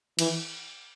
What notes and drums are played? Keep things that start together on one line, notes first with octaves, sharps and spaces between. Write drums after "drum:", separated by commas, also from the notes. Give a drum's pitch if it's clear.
E3, drum: cymbal